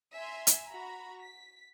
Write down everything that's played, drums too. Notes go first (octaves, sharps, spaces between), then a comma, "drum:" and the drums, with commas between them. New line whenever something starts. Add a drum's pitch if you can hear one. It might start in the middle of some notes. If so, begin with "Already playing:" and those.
E5 G#5 A#5 C6
drum: hi-hat
F#4 A#5 B5
B6